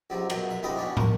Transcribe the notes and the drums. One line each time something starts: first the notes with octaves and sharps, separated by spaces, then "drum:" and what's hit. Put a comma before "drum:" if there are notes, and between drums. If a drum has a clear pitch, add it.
C#2 C3 F#3 G3
F#2 B2, drum: cymbal
E5
C#2 G3 C4 D#4 D#5 B5
B2 C#4 D4 E4
A#3 C#6, drum: tom